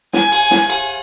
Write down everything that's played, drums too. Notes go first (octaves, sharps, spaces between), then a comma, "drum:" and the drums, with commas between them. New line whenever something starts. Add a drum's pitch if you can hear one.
G#5, drum: snare
drum: cymbal
drum: snare
drum: cymbal